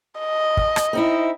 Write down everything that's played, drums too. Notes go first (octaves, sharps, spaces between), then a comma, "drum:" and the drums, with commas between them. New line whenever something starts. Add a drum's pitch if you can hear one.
D#5
drum: kick
drum: rim click
C4 D#4 E4